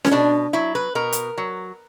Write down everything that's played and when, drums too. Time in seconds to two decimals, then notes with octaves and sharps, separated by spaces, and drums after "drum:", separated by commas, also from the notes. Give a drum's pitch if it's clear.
0.05 C#4, drum: snare C#4
0.11 B2 D4
0.53 F#3 E4
0.75 B4
0.95 B2 A#4
1.12 drum: hi-hat
1.38 F#3